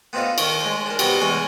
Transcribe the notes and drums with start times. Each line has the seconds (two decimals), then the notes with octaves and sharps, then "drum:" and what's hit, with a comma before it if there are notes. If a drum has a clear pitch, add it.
0.13 B3 C4 D4 D#4 F4 A4
0.38 D#3 C#6, drum: cymbal
0.61 G#3 C5
0.86 D4 A#4
0.99 C3 G3 B3 F#4 B4, drum: cymbal
1.21 E2 G#3 C#5 G#5 C#6